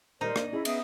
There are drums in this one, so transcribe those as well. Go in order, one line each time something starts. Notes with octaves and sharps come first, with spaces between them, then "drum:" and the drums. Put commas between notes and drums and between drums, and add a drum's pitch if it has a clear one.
A#2 D#3 G3 D#4 A#4 C5 D5
A#3 D4, drum: rim click
C#4 E4 G#4 D#5
B3 E5 D#6, drum: cymbal